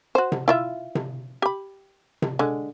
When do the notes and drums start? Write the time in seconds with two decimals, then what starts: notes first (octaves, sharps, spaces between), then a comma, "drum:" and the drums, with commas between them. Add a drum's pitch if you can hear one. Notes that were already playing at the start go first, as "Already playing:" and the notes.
0.15 F#4 C5
0.32 drum: tom C3
0.48 E4 F4 E5
0.95 drum: tom C3
1.42 G4 B5
2.22 drum: tom C3
2.39 D3 G#3